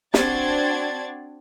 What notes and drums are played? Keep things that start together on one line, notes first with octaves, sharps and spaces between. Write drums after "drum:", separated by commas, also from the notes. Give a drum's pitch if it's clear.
C4 D4 F#4 D5 G#6 A6, drum: snare